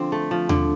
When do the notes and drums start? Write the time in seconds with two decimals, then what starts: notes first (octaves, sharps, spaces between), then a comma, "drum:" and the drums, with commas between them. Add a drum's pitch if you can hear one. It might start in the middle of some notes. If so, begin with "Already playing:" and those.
Already playing: D3 F3 C4
0.12 A3
0.31 F3
0.49 D3, drum: tom D#2